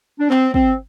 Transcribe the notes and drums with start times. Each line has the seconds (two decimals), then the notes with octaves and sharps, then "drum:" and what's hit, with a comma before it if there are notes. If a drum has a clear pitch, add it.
0.20 D4
0.30 C4, drum: clap
0.54 C4, drum: kick